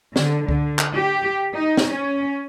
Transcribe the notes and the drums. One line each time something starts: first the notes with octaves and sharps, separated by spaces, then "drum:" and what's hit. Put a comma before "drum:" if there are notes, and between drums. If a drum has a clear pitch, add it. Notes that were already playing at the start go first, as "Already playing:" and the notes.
D3, drum: snare
D3, drum: kick C#2
drum: clap
G4
D#4
drum: snare
C#4